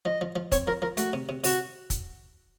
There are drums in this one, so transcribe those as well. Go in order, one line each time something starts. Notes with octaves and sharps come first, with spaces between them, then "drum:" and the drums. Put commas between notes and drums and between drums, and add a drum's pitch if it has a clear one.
F3 D#5
F3
F3
C4 C#5, drum: kick, hi-hat
F3 A#4
F3 A#4
A3 F#4, drum: hi-hat
C3
C3
C3 F#4, drum: open hi-hat
drum: kick, hi-hat